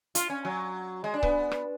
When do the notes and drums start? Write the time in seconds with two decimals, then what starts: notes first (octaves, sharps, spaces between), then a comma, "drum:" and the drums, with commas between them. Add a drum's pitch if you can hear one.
0.15 F4, drum: hi-hat
0.30 C#4
0.45 F#3
1.04 G#3
1.14 D4
1.23 B3, drum: kick C#1
1.51 drum: rim click